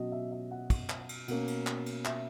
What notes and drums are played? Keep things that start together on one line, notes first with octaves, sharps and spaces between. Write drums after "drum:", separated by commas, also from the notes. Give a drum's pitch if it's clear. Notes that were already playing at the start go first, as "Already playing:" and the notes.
Already playing: B2 F#3 C#4 D#5
E5
E5
F#5
drum: kick, cymbal
drum: clap
drum: cymbal
B2 A#3 C#4, drum: cymbal
drum: cymbal
drum: clap
drum: cymbal
E5, drum: clap